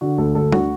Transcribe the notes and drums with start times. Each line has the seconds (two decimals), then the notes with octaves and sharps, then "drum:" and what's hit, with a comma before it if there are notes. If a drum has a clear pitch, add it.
0.01 D3 F#4
0.18 D2 A4
0.35 D2 A4
0.52 D3 F#4, drum: tom